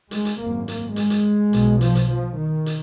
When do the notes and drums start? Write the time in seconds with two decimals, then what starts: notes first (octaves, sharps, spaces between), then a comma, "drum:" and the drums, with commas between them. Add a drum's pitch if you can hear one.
0.11 G#3, drum: hi-hat
0.25 drum: hi-hat
0.39 G#1 F#2 A#3
0.68 A#3, drum: hi-hat
0.96 G#3, drum: hi-hat
1.10 drum: hi-hat
1.53 B1 B2, drum: hi-hat
1.81 F3, drum: hi-hat
1.95 drum: hi-hat
2.09 F3
2.38 D#3
2.66 drum: hi-hat